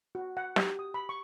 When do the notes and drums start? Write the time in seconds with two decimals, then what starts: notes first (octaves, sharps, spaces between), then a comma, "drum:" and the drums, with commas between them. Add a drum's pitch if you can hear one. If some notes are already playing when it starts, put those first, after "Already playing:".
0.15 F#4
0.37 F#5
0.56 G4, drum: snare
0.79 D#6
0.94 B5
1.09 C#6